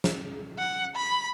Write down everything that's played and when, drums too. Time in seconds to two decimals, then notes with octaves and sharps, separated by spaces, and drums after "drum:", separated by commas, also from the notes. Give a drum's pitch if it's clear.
0.04 drum: snare
0.58 F#5
0.95 B5